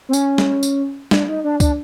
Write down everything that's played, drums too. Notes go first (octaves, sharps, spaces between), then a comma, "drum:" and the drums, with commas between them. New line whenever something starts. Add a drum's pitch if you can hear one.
C4
C#4, drum: tambourine
drum: snare
drum: tambourine
D4, drum: snare
D#4
D4
D4, drum: kick C#2, tambourine